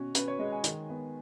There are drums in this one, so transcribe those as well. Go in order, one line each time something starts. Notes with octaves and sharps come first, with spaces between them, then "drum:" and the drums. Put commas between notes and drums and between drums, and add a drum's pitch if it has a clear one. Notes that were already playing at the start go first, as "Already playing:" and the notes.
Already playing: B2 C#4 F#4
C#4 B4, drum: hi-hat
C#5
G#3 D#5
G#5
D#3, drum: hi-hat
B3